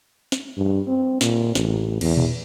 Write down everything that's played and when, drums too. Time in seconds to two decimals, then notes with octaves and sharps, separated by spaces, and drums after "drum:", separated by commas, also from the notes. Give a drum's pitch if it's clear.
0.32 drum: snare
0.57 G2
0.88 C4
1.21 A#2, drum: snare
1.55 A1, drum: snare
2.01 E2, drum: cymbal
2.17 drum: tom A#2